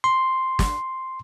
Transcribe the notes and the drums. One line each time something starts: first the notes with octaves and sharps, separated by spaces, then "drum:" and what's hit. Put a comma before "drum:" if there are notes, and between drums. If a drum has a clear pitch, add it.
C6
drum: snare